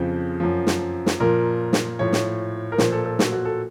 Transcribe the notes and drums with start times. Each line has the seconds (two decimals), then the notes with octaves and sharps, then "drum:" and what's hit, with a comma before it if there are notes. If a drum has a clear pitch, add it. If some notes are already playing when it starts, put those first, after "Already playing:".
Already playing: F2 C#3 F3 C5
0.40 F#2 F3
0.67 drum: snare
1.06 drum: snare
1.20 A#2 F3 A#4
1.73 drum: snare
1.99 A2 F3 C#5
2.13 drum: snare
2.72 A#4
2.78 A#2 F3 C5, drum: snare
2.92 A4
3.06 A4
3.19 F#4, drum: snare
3.32 F#4
3.45 A4